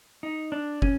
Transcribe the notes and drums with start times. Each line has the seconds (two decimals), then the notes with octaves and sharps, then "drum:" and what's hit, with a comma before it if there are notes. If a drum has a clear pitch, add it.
0.23 D#4
0.52 D4
0.82 C#4, drum: kick